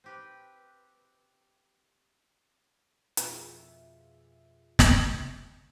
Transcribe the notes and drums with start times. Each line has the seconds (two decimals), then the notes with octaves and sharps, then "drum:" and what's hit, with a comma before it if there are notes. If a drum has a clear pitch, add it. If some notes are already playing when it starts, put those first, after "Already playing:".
0.04 C4 G4 B4
3.17 F2 B2 F4 G#4 E5, drum: hi-hat
4.79 drum: snare